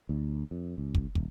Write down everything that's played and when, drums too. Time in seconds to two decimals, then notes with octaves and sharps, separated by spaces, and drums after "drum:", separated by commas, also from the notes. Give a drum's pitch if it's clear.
0.09 D2
0.51 F2
0.78 C#2
0.95 drum: kick
1.15 D#1, drum: kick